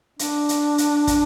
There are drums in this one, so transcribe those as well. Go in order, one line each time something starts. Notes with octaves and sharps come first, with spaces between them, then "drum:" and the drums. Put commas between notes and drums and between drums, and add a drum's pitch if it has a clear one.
D4, drum: hi-hat
drum: hi-hat
drum: hi-hat
drum: kick, hi-hat